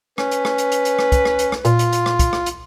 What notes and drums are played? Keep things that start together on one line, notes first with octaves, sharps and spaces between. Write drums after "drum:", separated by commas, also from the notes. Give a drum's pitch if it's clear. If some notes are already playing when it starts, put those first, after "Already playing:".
C#4 B4, drum: rim click
drum: hi-hat
drum: rim click
drum: hi-hat
drum: hi-hat
drum: hi-hat
drum: rim click
drum: kick, hi-hat
drum: rim click
drum: hi-hat
drum: rim click
A#2 F4, drum: hi-hat
drum: hi-hat
drum: hi-hat
drum: rim click
drum: kick, hi-hat
drum: rim click
drum: hi-hat